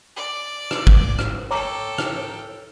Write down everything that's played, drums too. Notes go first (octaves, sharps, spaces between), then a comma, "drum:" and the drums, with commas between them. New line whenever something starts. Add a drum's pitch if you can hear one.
D5
drum: rim click
drum: kick
drum: rim click
A4 C#5 G5 A#5 D6
drum: rim click